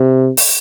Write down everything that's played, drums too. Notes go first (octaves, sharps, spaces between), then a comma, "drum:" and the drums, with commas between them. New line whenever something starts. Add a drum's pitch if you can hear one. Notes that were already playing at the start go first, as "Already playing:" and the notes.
Already playing: C3
drum: open hi-hat